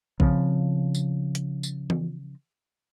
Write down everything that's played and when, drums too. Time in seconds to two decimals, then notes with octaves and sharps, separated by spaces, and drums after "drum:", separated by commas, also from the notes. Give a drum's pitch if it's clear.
0.20 C#3 F3 C4, drum: kick A#1
0.95 drum: tambourine
1.35 drum: hi-hat
1.63 drum: tambourine
1.90 drum: tom E3